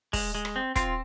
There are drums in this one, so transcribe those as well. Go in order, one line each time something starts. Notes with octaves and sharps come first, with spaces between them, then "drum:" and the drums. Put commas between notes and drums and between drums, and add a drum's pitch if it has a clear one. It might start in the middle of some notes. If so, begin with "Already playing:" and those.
G#3, drum: kick, open hi-hat
G#3
drum: rim click
C4
C4 F4, drum: kick, hi-hat